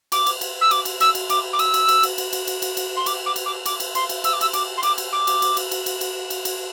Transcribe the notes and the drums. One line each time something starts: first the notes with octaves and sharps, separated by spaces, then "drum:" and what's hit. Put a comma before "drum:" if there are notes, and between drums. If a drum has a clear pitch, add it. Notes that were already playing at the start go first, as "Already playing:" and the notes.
D6, drum: cymbal
drum: cymbal
drum: cymbal
E6
D6, drum: cymbal
drum: cymbal
E6, drum: cymbal
drum: cymbal
D6, drum: cymbal
D6
E6, drum: cymbal
drum: cymbal
drum: cymbal
drum: cymbal
drum: cymbal
drum: cymbal
drum: cymbal
drum: cymbal
drum: cymbal
C6
D6, drum: cymbal
D6
drum: cymbal
D6
D6, drum: cymbal
drum: cymbal
C6, drum: cymbal
drum: cymbal
E6, drum: cymbal
D6
E6, drum: cymbal
D6, drum: cymbal
C6
D6, drum: cymbal
drum: cymbal
D6
drum: cymbal
drum: cymbal
drum: cymbal
drum: cymbal
drum: cymbal
drum: cymbal
drum: cymbal
drum: cymbal